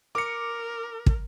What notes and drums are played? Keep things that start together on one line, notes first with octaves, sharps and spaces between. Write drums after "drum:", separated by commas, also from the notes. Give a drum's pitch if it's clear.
A#4 D6 C#7
drum: kick